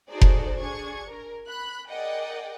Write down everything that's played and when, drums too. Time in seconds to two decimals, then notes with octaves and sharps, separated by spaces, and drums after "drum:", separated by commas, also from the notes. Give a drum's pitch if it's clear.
0.10 D#4 F#4 G#4 A4 C5 D5
0.21 drum: kick F1
0.59 D4 G#4 C#6 G#6
1.08 A#4
1.48 B5 F#6
1.90 G#4 A#4 D5 D#5 F#5 G5